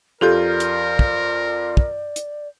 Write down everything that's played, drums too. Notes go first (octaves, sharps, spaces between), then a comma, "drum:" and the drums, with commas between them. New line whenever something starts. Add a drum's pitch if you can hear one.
F2 F4 G4 A4 A#4 D5 G6
drum: hi-hat
drum: kick
drum: kick
drum: hi-hat